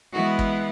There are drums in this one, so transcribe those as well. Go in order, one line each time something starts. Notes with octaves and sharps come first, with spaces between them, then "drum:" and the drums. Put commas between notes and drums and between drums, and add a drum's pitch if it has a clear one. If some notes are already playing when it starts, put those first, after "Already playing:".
E3 G#3 B3 F#4
drum: kick